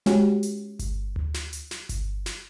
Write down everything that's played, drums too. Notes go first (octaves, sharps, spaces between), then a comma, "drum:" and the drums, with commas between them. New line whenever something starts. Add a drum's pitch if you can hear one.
G#3 C#4 F#4 G4, drum: snare
drum: hi-hat
drum: kick G1, hi-hat
drum: tom D2
drum: snare
drum: hi-hat
drum: snare
drum: kick G1, hi-hat
drum: snare